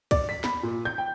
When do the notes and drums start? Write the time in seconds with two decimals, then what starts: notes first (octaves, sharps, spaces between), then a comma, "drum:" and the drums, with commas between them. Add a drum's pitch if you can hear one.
0.11 D5, drum: kick, cymbal
0.29 B6
0.44 B5, drum: snare
0.63 A#2
0.85 G6
0.98 G5